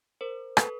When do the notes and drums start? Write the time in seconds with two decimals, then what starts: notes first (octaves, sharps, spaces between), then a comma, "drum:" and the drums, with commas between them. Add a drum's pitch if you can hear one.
0.21 A#4 C5
0.57 A4 B4, drum: rim click